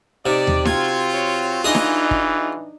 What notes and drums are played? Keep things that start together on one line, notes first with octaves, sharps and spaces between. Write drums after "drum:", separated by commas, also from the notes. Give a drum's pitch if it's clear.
C3 D#4 D5
drum: tom D#2
C4 F4 F#4 G#6, drum: snare D#4
C#5
E3 D4 D#4 G#4 D#5
drum: snare D#4
drum: kick